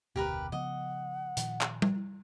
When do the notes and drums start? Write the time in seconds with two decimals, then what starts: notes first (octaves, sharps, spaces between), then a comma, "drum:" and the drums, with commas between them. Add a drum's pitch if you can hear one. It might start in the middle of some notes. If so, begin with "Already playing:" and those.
0.16 F1 D2 B2 G4 A#4 B4
0.52 C#3 F3 B3 D#5 F#5
1.37 A#2 D#3 F3, drum: hi-hat
1.61 drum: clap
1.82 drum: tom G3